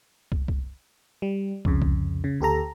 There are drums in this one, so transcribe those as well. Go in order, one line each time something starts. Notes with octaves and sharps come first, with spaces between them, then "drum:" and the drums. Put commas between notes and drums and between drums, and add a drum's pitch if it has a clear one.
drum: kick
drum: kick
G3
C2 F2 C#3, drum: kick
drum: kick
C#3
D2 G4 A4 A#5